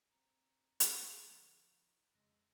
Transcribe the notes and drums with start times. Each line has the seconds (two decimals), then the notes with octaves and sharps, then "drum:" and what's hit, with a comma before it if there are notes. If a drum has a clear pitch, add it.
0.11 C4 A#5 C#7
0.80 D3, drum: hi-hat
1.15 F3 D#4 F4 C#6
2.14 F2 C#3 G#3 E6 F#6 A#6